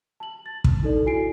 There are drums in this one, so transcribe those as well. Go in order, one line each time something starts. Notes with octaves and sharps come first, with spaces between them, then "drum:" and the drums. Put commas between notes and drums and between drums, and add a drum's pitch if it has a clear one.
A5 F#7
A6
drum: kick
D4 D#4 A4 D5
E4 F#4 G#5 C7 D7